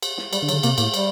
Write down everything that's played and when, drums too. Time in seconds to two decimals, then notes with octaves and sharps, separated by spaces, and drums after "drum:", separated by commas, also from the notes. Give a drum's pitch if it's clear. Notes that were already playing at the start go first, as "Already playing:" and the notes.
0.03 drum: cymbal
0.18 drum: snare
0.33 G3, drum: cymbal
0.42 D3
0.49 F#3, drum: cymbal
0.53 D3
0.63 C3 A#3, drum: cymbal
0.78 A2 A#3, drum: cymbal
0.94 G3, drum: cymbal